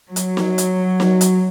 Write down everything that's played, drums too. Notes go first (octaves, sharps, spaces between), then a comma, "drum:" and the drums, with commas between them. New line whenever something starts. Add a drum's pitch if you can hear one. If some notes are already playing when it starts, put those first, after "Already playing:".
F#3, drum: hi-hat
drum: snare
drum: hi-hat
drum: snare
drum: hi-hat